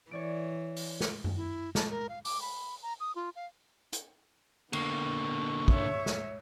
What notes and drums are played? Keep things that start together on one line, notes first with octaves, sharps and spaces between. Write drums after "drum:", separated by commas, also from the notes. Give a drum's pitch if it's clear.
E3 C#5 D5 D7
drum: open hi-hat
drum: snare
drum: tom F#2
E4
A5, drum: snare
A#4
F5
D6, drum: open hi-hat
B5
A#5
D#6
F4
F5
drum: hi-hat
D3 A#3 B3 C#6, drum: cymbal
C#5 E5, drum: kick
drum: snare